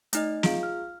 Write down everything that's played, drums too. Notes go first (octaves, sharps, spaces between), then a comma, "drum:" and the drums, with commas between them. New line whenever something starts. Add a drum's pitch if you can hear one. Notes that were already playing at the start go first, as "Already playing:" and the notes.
A3 D#4 D#5, drum: hi-hat
F4 G#4 F5, drum: snare
F6